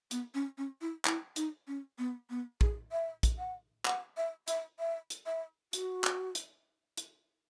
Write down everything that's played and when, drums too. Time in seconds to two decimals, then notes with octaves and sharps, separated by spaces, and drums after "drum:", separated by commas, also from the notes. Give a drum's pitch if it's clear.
0.11 B3, drum: hi-hat
0.34 C#4
0.58 C#4
0.81 E4
1.05 E4, drum: clap
1.36 D#4, drum: hi-hat
1.67 C#4
1.98 B3
2.30 B3
2.61 G#4, drum: kick
2.92 E5
3.23 drum: kick, hi-hat
3.39 F#5
3.85 F#5, drum: clap
4.17 E5
4.48 E5, drum: hi-hat
4.79 E5
5.10 drum: hi-hat
5.26 E5
5.73 F#4, drum: hi-hat
6.04 drum: clap
6.35 drum: hi-hat
6.97 drum: hi-hat